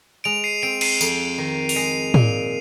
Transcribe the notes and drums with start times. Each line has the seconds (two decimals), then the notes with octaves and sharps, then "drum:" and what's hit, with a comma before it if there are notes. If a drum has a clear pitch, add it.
0.24 G#3 D7 F7
0.44 C7 D#7
0.62 C4 D7 F7
0.81 C7 D#7, drum: cymbal
1.01 F2, drum: tambourine
1.38 D#3
1.69 F7, drum: open hi-hat
1.75 G#3 C7 D#7
2.14 A#2, drum: tom